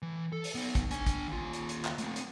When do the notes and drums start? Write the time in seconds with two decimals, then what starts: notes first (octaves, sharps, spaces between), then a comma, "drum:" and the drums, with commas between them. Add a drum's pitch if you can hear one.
0.02 A2 E3
0.33 A4
0.44 drum: open hi-hat
0.55 B3 D#4
0.75 drum: kick, hi-hat
0.91 D4 G#5, drum: hi-hat
1.07 drum: kick, hi-hat
1.28 D#2 F4
1.53 drum: hi-hat
1.69 drum: hi-hat
1.85 drum: clap
1.98 A3 C4, drum: hi-hat
2.16 drum: hi-hat